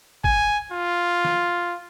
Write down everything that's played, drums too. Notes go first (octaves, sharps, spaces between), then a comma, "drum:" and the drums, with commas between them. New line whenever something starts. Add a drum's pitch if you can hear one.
G#5, drum: kick G#1
F4
drum: snare